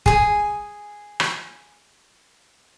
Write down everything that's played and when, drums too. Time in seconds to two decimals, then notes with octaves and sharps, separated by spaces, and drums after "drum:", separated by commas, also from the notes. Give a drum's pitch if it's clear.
0.06 G#4 G#5, drum: kick
1.20 drum: rim click